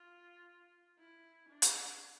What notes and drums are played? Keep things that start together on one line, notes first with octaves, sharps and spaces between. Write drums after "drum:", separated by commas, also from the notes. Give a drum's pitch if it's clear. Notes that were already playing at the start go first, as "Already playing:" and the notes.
Already playing: F4
E4
D4
drum: hi-hat